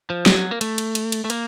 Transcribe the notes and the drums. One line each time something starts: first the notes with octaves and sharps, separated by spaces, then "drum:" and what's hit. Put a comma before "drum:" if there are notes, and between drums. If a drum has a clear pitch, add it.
F3
F#3, drum: snare
A#3
A3, drum: cymbal
drum: cymbal
drum: cymbal
drum: cymbal
A3
A#3, drum: cymbal